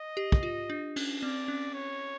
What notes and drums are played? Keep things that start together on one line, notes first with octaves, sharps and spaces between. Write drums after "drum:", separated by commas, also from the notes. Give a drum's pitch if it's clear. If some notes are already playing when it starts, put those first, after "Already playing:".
Already playing: D#5
G4
drum: kick
F4
D4
C#4, drum: cymbal
C4 D5
C#4
C#5